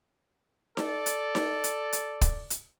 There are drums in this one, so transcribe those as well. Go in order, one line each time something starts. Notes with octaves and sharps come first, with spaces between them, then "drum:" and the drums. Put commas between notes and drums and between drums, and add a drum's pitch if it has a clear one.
A4 D5, drum: snare D#4
drum: hi-hat
drum: snare D#4
drum: hi-hat
drum: hi-hat
drum: kick, hi-hat
drum: hi-hat